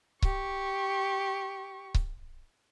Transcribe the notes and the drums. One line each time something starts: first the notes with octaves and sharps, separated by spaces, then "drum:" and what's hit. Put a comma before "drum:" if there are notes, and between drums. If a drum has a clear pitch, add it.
G4 C#6, drum: kick C#1
drum: kick C#1